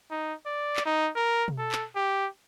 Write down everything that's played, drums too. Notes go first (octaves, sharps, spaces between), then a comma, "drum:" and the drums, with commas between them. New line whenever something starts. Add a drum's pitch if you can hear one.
D#4
D5
drum: clap
D#4
A#4
drum: tom B2
A4
drum: clap
G4